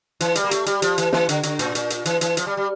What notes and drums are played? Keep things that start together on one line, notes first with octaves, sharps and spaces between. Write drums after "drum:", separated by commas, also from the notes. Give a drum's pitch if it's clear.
E3, drum: hi-hat
G3, drum: hi-hat
A#3
A3, drum: hi-hat
G3, drum: hi-hat
F3, drum: hi-hat
E3, drum: hi-hat
E3, drum: snare
D3, drum: hi-hat
D3, drum: hi-hat
A2, drum: hi-hat
A#2, drum: hi-hat
drum: hi-hat
E3, drum: hi-hat
E3, drum: hi-hat
F3, drum: hi-hat
G3
G3